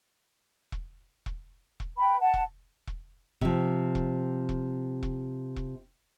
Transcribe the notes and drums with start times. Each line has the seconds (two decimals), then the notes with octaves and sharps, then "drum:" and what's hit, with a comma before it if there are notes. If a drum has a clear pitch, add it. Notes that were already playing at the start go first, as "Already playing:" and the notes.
0.72 drum: kick E1
1.26 drum: kick E1
1.80 drum: kick E1
1.98 B4 G5 B5
2.20 F#5 A5
2.34 drum: kick E1
2.87 drum: kick E1
3.41 C3 F3, drum: kick E1
3.95 drum: kick E1
4.49 drum: kick E1
5.03 drum: kick E1
5.56 drum: kick E1